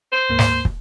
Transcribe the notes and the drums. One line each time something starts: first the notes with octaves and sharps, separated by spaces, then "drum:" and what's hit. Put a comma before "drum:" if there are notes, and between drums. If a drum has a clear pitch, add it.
C5
D2 G#2 A#3
drum: snare
drum: kick